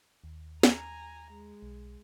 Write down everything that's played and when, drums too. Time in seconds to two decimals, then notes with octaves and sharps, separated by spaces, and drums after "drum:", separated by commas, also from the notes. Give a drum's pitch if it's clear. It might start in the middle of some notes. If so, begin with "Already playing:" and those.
0.24 D#2
0.63 G#5 A#5, drum: snare
1.32 G#3
1.62 B1